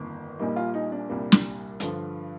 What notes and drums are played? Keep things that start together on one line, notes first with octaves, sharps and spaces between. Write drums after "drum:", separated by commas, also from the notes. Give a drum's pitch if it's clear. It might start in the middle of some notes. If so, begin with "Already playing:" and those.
Already playing: G1 F2 D#3 A#3
A#1 A#2 G3 A#3 D#4
F4
D#4
D4
C2 A#2 G3 A#3
drum: snare
G2 D3 F3, drum: hi-hat